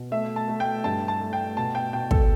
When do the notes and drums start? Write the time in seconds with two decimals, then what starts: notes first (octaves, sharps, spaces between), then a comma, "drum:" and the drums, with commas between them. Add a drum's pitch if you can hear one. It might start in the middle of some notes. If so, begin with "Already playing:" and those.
Already playing: B2
0.11 A3 E5
0.36 A5
0.48 A3
0.60 G5
0.84 G2 A5
1.08 A5
1.20 A3
1.33 G5
1.57 B2 A5
1.75 G5
1.93 B2 G5
2.11 A4, drum: kick